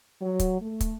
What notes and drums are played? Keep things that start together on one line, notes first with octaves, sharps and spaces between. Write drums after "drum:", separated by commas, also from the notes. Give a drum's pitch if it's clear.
F#3
drum: kick, hi-hat
A3
drum: kick, hi-hat